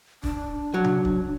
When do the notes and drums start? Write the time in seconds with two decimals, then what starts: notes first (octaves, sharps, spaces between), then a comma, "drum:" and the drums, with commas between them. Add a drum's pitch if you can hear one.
0.24 D4, drum: kick
0.74 F#3
0.84 drum: tom C3
1.05 drum: kick